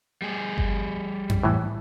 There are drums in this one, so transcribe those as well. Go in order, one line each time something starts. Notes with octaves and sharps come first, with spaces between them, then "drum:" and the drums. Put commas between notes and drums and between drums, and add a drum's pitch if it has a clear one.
G3 G#4
drum: kick G1
drum: tom F2
A2 E3